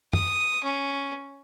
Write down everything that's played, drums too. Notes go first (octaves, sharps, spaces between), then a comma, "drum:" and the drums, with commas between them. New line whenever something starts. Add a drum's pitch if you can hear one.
D#6, drum: tom
C#4